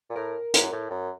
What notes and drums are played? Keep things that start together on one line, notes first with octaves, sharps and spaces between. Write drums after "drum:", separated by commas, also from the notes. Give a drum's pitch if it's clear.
A#2
A2 A#4
F#2, drum: hi-hat
A2
F#2